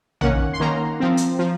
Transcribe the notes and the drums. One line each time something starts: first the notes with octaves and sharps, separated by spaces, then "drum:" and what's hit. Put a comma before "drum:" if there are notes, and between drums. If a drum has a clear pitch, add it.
D#3 A#3 C#4 F#5, drum: tom A#1
C6
D#3 A#3 C#4 A#5
F3 C4
drum: hi-hat
F3